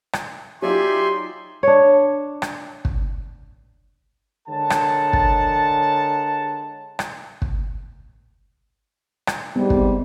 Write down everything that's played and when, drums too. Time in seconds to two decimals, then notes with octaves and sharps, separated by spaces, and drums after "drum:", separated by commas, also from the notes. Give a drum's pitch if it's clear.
0.13 drum: rim click
0.62 F#3 D#4 F4 G4 D5 E5 G#5 C6
1.63 D4 C#5
2.42 drum: rim click
2.85 drum: kick
4.48 D3 G#3 A#4 C#5 F#5 A5
4.70 drum: rim click
5.13 drum: kick
6.99 drum: rim click
7.42 drum: kick
9.27 drum: rim click
9.56 G#2 C3 G3 B3
9.70 drum: kick